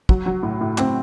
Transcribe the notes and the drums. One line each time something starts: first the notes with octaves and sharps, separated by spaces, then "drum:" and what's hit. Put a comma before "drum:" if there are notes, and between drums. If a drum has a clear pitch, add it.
F#3, drum: kick
F#3
A2
A2
A2 C4, drum: clap